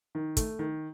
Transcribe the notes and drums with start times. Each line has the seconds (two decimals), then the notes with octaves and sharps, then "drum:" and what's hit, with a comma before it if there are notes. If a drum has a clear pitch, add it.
0.15 D#3
0.37 A3, drum: kick, hi-hat
0.59 D#3